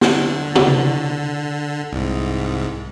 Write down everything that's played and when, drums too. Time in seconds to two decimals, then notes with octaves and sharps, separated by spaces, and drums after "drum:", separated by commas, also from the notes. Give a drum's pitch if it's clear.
0.01 D3, drum: snare
0.55 drum: tom
1.93 C2 G#2